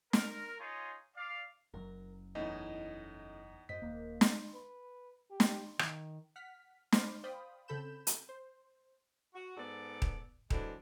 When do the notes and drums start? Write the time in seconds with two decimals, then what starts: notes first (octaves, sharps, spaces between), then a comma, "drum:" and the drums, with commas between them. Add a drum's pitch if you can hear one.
0.13 A#4, drum: snare
0.59 D#4 F4 G#4 C#5
1.17 D5 F5
1.74 F#1 F#2 F#3 A#4
2.35 E2 A3 C#4 D#4 E4 D#5
3.69 F#2 C5 D#5 F#5 B6
3.82 D#1 A#3
4.21 drum: snare
4.54 B4
5.31 G4
5.40 drum: snare
5.79 D#3, drum: rim click
6.36 F#5 F6 B6
6.92 C5 B5 C6 D6 F6, drum: snare
7.24 C5 D5 F5 G5 B5 D#6
7.68 C#3 C4 A4 B5 G6 E7
8.07 drum: hi-hat
8.29 C5
9.34 F#4
9.57 G#2 B3 A4 D5
10.02 drum: kick D#1
10.50 E3 F#3 G#3 D4 A4 C5, drum: kick D#1